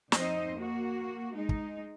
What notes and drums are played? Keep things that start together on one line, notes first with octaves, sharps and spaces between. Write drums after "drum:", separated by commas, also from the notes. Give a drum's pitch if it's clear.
F2 C4 D#4 C5 D#5, drum: snare
A#3 F#4
G#3 D#4
drum: kick